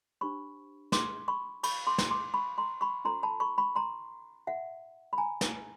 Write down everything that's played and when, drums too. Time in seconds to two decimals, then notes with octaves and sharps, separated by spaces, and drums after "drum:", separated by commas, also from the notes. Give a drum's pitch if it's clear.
0.21 D4 G4 C5 B5 C#6
0.92 C6 D6, drum: snare
1.28 B5 C#6
1.63 B5 C#6, drum: cymbal
1.87 C6 D6
1.98 drum: snare
2.10 C6 D6
2.34 B5 C#6
2.58 A#5 C6
2.81 B5 C#6
3.05 C#4 F4 A4 C5 A#5 C6
3.23 A5 B5
3.40 B5 C#6
3.58 B5 C#6
3.75 A#5 C6
4.47 E5 F#5
5.13 B5
5.18 G#5 A#5
5.41 drum: snare